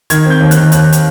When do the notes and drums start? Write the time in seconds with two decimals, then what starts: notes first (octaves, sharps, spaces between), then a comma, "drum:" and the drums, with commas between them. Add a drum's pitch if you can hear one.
0.10 D#3 G#6, drum: hi-hat
0.25 C4 G6
0.41 D#2
0.51 F#6, drum: hi-hat
0.57 D#3
0.72 D#2 F#6, drum: hi-hat
0.93 drum: hi-hat